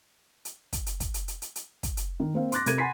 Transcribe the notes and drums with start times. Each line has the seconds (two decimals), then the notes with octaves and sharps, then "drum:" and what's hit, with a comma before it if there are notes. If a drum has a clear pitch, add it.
0.45 drum: hi-hat
0.73 drum: kick, hi-hat
0.86 drum: hi-hat
1.00 drum: kick, hi-hat
1.14 drum: hi-hat
1.28 drum: hi-hat
1.42 drum: hi-hat
1.56 drum: hi-hat
1.83 drum: kick, hi-hat
1.97 drum: hi-hat
2.20 D#3
2.34 A#3 C4 F5
2.52 C6 D6 F#6 A6 A#6, drum: hi-hat
2.66 C3 A4 A#4 G#6 D#7, drum: hi-hat
2.78 F#5 G#5 B5 C6 B6 C7